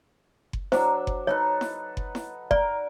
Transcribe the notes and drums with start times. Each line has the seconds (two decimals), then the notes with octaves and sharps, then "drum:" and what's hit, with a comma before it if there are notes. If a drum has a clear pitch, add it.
0.53 drum: kick F#1
0.72 F#3 D4 C5 E6, drum: snare E4
1.07 drum: kick F#1
1.27 D#4 A4 B4 C#5
1.61 drum: snare E4
1.97 drum: kick F#1
2.15 drum: snare E4
2.51 A#4 D5, drum: kick F#1